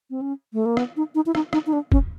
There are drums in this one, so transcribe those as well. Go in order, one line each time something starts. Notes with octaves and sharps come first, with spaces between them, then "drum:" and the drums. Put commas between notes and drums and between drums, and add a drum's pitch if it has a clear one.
C4
C#4
A3
A#3
B3, drum: rim click
D#4
D#4
E4
D#4, drum: rim click
D#4, drum: rim click
D#4
D4
C#4, drum: kick